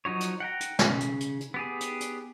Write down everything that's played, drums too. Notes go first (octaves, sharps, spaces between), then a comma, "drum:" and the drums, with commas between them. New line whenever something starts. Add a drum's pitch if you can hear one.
F3 F#3 D#4 F#4 C#5
drum: hi-hat
F#5 G5 A#5
drum: hi-hat
C#3, drum: snare
drum: hi-hat
drum: hi-hat
drum: hi-hat
B3 G4 G#4
drum: hi-hat
drum: hi-hat